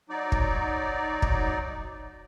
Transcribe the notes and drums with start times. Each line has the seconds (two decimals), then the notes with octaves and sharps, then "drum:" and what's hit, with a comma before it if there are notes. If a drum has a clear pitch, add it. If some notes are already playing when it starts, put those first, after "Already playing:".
0.09 F#3 D#4 D5
0.32 drum: kick
1.22 drum: kick